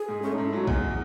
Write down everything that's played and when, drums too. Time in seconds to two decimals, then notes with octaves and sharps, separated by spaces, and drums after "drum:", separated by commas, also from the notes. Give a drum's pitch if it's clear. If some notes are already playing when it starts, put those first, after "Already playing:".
Already playing: G#4
0.08 G#2
0.22 A3 C#4
0.33 G#2 D#4
0.45 E4
0.53 F#3 F#4
0.67 E2 G#4, drum: kick